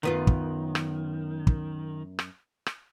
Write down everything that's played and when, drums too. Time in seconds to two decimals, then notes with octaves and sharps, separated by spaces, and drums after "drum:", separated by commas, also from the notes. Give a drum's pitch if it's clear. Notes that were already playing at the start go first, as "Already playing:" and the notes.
0.03 F#2 D#3 B3 F4
0.27 drum: kick
0.75 drum: rim click
1.47 drum: kick
2.19 drum: rim click
2.66 drum: rim click